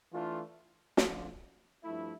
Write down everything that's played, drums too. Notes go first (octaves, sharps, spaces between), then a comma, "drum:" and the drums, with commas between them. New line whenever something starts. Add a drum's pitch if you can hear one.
E3 A3 D4 F4 A4
D2 D3 F3, drum: snare
G2 F3 A3 E4